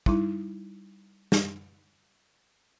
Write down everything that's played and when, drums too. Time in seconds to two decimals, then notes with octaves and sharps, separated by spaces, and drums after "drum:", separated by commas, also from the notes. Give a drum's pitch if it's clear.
0.06 G3 D#4 E4, drum: kick
1.32 drum: snare